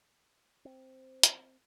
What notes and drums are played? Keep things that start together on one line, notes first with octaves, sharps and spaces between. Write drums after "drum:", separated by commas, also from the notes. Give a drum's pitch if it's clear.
C4
drum: hi-hat